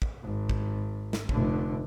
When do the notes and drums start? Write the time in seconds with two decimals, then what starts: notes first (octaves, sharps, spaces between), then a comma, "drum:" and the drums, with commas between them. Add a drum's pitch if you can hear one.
0.02 drum: kick
0.23 G#1
0.49 drum: kick
1.13 drum: snare
1.29 F1 D3, drum: kick